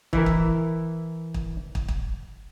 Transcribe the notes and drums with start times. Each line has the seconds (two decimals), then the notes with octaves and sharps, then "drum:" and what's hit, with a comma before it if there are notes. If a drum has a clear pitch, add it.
0.13 E3 E4 A#4, drum: kick
0.26 drum: kick
1.34 drum: kick
1.75 drum: kick
1.88 drum: kick